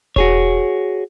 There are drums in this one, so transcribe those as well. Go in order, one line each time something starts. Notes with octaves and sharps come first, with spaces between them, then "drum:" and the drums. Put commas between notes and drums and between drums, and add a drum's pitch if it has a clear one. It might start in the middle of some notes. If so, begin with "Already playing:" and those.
F#4 G#4 C#5, drum: kick E1